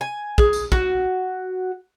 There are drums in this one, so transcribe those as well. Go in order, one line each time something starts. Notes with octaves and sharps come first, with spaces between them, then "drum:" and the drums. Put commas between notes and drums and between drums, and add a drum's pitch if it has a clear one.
G#5
G#4, drum: kick
drum: tambourine
F#4, drum: kick